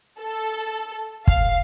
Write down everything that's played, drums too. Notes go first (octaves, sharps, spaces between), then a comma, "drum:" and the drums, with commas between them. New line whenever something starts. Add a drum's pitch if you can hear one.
A4
F5, drum: kick